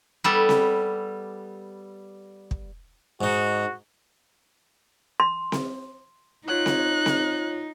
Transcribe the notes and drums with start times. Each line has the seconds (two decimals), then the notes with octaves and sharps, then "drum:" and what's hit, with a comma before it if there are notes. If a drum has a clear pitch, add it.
0.24 G3 B3 A4
0.49 drum: snare C4
2.51 drum: kick
3.21 G#2 D#4 F#4
5.20 C6
5.52 drum: snare C4
6.48 D#4 F4 C#5 F#5 F#6
6.66 drum: snare C4
7.06 drum: snare C4